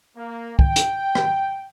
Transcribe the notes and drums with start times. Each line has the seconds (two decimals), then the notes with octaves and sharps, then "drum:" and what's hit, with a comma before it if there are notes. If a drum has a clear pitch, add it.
0.17 A#3
0.59 G5, drum: kick
0.76 drum: hi-hat
1.15 drum: rim click